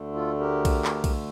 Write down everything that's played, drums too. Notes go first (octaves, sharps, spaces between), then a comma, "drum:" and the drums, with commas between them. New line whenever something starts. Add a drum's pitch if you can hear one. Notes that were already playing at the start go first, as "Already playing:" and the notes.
Already playing: D2 D3 A3
F4 A4
G4 A#4
drum: kick B1, cymbal
drum: clap
drum: kick B1, cymbal